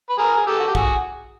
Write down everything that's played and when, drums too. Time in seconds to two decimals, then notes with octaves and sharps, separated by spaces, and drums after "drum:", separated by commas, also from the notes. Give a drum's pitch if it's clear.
0.09 B4
0.18 G#4 A#4
0.37 G#4
0.47 G4 A4
0.59 F#4
0.67 G4
0.75 F#4 G#4, drum: kick A#1